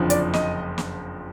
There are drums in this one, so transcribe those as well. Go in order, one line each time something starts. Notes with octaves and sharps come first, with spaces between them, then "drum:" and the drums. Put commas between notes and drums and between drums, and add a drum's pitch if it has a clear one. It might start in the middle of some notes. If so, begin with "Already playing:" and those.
Already playing: F#1 F2 D3 F3
D5, drum: hi-hat
D#5, drum: snare
drum: snare